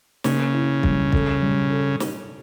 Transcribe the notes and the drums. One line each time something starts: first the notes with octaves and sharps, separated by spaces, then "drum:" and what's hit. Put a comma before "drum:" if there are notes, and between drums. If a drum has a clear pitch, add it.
C#3 A#3, drum: snare
E4
G3, drum: kick
A4, drum: kick
G3
A4
drum: snare